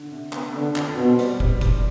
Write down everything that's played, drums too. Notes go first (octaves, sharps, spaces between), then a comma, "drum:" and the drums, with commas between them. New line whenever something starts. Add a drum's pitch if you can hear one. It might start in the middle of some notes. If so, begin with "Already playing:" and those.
Already playing: D3
C3
B3, drum: clap
D3 B3
F2, drum: clap
B2 C4
G3, drum: hi-hat
G3, drum: kick
G3, drum: kick, hi-hat